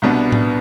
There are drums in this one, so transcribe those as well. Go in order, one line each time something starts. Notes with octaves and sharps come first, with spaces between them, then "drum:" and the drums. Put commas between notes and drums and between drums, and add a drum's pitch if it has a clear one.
C2 B2 B3 D4
drum: tom A2